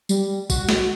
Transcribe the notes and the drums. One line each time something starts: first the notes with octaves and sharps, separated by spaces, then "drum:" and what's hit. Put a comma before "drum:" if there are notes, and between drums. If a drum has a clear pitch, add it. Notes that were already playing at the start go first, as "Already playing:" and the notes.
G3, drum: tambourine
F#4, drum: kick, tambourine
drum: snare